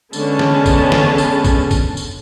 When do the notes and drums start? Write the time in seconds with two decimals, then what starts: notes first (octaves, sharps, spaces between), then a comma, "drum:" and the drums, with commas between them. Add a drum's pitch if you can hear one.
0.13 D3 G#3 B3 C#4 A5, drum: tambourine
0.39 drum: snare
0.66 drum: kick A1, tambourine
0.92 drum: snare
1.18 drum: tambourine
1.44 drum: kick A1, tambourine
1.71 drum: kick A1, tambourine
1.97 drum: tambourine